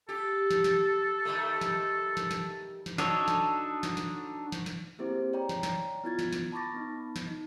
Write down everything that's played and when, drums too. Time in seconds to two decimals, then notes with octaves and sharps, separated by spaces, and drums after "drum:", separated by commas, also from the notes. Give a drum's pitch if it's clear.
0.09 G4 A4
0.51 drum: snare
0.64 drum: snare
1.25 D#3 G3 A3
1.61 drum: snare
2.17 drum: snare
2.31 drum: snare
2.86 drum: snare
2.98 D4 D#4 F#4 A4 C#5, drum: snare
3.28 drum: snare
3.83 drum: snare
3.97 drum: snare
4.52 drum: snare
4.66 drum: snare
4.99 A#3 C4 E4 G4 G#4 C5
5.33 C#5 D5 G5 A#5
5.49 drum: snare
5.63 drum: snare
6.04 B3 E4 F4 G#6 A6
6.19 drum: snare
6.33 drum: snare
6.52 A5 B5 C#6 D6 A6 A#6
6.74 B3 D#4
7.16 drum: snare
7.26 D#4